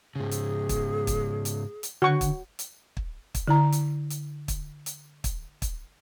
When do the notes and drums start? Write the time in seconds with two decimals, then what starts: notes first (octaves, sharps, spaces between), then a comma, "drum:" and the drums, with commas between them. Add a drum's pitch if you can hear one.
0.16 G#2 C#3 G#4
0.31 drum: hi-hat
0.69 drum: kick, hi-hat
1.07 drum: kick, hi-hat
1.45 drum: hi-hat
1.83 drum: hi-hat
2.02 D3 F#4 C#6
2.21 drum: kick, hi-hat
2.59 drum: hi-hat
2.97 drum: kick
3.35 drum: kick, hi-hat
3.48 D3 E4 A#5
3.72 drum: hi-hat
4.10 drum: hi-hat
4.48 drum: kick, hi-hat
4.86 drum: hi-hat
5.24 drum: kick, hi-hat
5.62 drum: kick, hi-hat